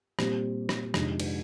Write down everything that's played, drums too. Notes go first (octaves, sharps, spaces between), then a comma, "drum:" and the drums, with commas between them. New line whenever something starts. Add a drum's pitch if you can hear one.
A#2 G3 C4 G4 C5, drum: rim click
drum: rim click
F2 C3 D#3 G#3 D4, drum: rim click
drum: cymbal